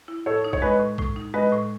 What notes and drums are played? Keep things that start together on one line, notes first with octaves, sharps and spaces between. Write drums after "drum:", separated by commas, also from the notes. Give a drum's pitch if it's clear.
E4
A2 A4 C#5
D#4
C#5, drum: kick A#1
G#3 B4 D#5
A2
A2, drum: kick A#1
D#4
G#3 B4 D#5
A2